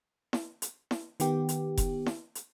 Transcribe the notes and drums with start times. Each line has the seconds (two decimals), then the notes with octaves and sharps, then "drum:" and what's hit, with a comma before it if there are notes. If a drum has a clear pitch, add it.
0.33 drum: snare E4
0.62 drum: hi-hat
0.91 drum: snare E4
1.20 D#3 B3 G4, drum: hi-hat
1.49 drum: hi-hat
1.77 drum: kick F1, hi-hat
2.06 drum: snare E4
2.35 drum: hi-hat